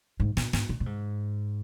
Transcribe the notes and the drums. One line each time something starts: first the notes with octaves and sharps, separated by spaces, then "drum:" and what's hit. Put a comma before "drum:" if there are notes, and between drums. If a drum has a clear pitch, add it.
G#2
A#2, drum: snare
G#2, drum: snare
A#2
A#2
G#2